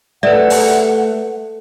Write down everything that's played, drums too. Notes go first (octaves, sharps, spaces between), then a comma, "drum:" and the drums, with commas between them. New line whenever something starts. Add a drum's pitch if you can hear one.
A3 A4 B4 D5 E5 F#5
drum: open hi-hat